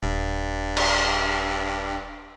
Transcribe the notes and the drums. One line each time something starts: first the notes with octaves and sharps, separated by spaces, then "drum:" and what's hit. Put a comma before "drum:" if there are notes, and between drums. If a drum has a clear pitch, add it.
D#1 G2
drum: cymbal